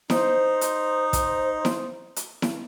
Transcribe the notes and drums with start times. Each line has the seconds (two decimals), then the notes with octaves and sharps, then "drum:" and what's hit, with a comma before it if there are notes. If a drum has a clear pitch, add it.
0.10 D#4 C5, drum: snare E4
0.61 drum: hi-hat
1.13 drum: kick, hi-hat
1.65 drum: snare E4
2.16 drum: hi-hat
2.42 drum: snare E4